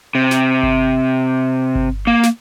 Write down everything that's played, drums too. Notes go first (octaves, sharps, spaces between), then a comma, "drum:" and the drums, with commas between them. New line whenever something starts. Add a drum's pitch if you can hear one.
C3
drum: snare
drum: kick G1
drum: kick G1
A#3
drum: snare